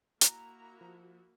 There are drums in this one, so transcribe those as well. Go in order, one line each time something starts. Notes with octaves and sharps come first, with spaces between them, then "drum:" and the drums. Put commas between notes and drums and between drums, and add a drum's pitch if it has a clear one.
A#3 E4 F#4 A#5, drum: hi-hat
F3